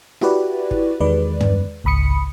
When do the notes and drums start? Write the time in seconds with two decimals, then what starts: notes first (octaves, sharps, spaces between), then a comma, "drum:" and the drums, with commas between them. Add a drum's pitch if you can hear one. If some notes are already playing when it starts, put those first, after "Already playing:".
0.21 E4 F#4 G4 B4 D5, drum: snare
0.71 drum: kick
1.00 E2 D#3 G#3 B4 D5
1.41 drum: tom
1.84 G#1 C#2 B5 D#6 C#7